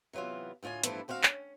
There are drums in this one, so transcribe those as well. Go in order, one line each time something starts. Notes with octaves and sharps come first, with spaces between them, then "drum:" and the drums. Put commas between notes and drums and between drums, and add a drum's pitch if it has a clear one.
C3 E3 F#3 B3 F4
D2 A2 F4 G5 G#5
G2 E3 F3 A3 B3 E4, drum: hi-hat
D2 C4 F#4 G4 F5
C#4, drum: clap